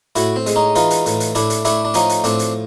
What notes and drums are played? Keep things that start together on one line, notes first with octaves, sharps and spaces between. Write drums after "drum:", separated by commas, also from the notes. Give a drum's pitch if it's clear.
A2 E4 F#4, drum: hi-hat
C4
G#3, drum: hi-hat
C#4 D#4
E3 D#4 F4, drum: hi-hat
drum: hi-hat
A2, drum: hi-hat
drum: hi-hat
A2 D4 E4, drum: hi-hat
drum: hi-hat
A3 D4 E4, drum: hi-hat
D4
F3 C#4 D#4, drum: hi-hat
drum: hi-hat
A2 C4 D4, drum: hi-hat
drum: hi-hat